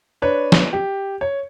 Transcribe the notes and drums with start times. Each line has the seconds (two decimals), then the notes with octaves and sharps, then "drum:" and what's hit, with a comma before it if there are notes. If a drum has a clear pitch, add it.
0.22 D4 B4 C#5
0.52 drum: snare
0.73 G4
1.21 C#5